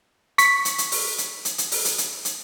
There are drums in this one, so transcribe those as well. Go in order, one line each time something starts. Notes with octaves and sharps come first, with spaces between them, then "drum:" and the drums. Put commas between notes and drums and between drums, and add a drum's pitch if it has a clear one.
C#6 B6, drum: hi-hat
drum: hi-hat
drum: hi-hat
drum: open hi-hat
drum: hi-hat
drum: hi-hat
drum: hi-hat
drum: open hi-hat
drum: hi-hat
drum: hi-hat
drum: hi-hat